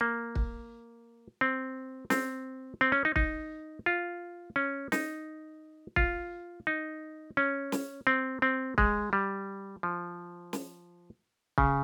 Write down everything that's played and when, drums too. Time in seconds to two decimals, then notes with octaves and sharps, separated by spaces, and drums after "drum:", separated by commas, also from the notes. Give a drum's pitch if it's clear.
0.01 A#3
0.35 drum: kick
1.41 C4
2.10 C4, drum: snare
2.81 C4
2.92 C#4
3.05 D#4
3.16 D#4, drum: kick
3.86 F4
4.56 C#4
4.92 D#4, drum: snare
5.96 F4, drum: kick
6.67 D#4
7.37 C#4
7.72 drum: snare
8.07 C4
8.42 C4
8.78 G#3, drum: kick
9.13 G3
9.83 F3
10.53 drum: snare
11.58 C#3, drum: kick